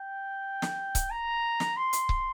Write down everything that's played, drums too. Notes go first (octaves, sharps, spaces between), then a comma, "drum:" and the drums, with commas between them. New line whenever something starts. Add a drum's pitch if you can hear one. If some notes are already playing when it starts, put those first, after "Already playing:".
Already playing: G5
drum: snare
drum: kick C#1, hi-hat
A#5
drum: snare
C6
drum: hi-hat
drum: kick C#1